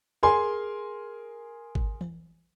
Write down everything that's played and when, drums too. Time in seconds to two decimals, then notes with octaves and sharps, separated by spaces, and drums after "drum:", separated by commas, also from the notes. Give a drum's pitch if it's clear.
0.23 G#4 A#4 G#5 C6
1.75 drum: kick G1
2.01 drum: tom E3